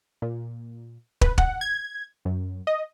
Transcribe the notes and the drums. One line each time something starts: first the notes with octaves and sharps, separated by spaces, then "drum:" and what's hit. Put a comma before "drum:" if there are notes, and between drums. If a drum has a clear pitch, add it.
A#2
B4, drum: kick
F#5, drum: kick
G#6
F#2
D#5